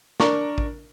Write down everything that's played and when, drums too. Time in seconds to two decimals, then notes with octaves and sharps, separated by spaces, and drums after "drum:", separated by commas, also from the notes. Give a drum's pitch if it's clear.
0.20 D4 A#4 C#6, drum: snare
0.58 drum: kick A1